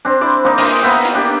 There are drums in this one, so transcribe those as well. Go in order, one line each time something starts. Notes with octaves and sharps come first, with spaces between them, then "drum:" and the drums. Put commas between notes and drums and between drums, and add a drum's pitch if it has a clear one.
C4 D4
E4 C5 D5
A#3 C4 D4 D#4
A#4 D#5 A#5, drum: open hi-hat
A#3 B3 E5 G5
drum: hi-hat
D4 G4